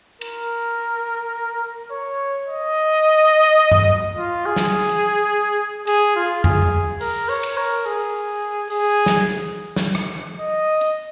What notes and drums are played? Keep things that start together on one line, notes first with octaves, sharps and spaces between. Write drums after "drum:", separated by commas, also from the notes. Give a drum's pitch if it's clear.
A#4, drum: cymbal
C#5
D#5
drum: tom G2
F4
G#4
drum: snare
drum: hi-hat
G#4, drum: cymbal
F4
G#4, drum: tom F2
A#4, drum: open hi-hat
C#5, drum: open hi-hat
drum: cymbal
A#4
G#4
G#4, drum: open hi-hat
drum: snare
drum: snare
drum: rim click
D#5
drum: hi-hat